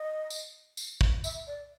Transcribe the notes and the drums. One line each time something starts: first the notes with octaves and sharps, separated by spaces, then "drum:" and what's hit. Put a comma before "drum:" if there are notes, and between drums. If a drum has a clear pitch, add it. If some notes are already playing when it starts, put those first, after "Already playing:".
Already playing: D#5
drum: tambourine
drum: tambourine
drum: kick
E5, drum: tambourine
D5